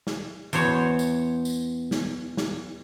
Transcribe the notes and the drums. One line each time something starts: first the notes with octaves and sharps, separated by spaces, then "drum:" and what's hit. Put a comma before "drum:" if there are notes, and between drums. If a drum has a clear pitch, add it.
drum: snare
E2 C5 C#5, drum: tambourine
drum: tambourine
drum: tambourine
drum: snare
drum: snare